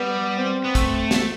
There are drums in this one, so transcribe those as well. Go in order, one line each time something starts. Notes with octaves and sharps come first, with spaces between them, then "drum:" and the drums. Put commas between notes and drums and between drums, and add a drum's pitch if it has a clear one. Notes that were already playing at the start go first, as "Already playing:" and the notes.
Already playing: G3 B3
C4
B3
A3, drum: kick, hi-hat
drum: snare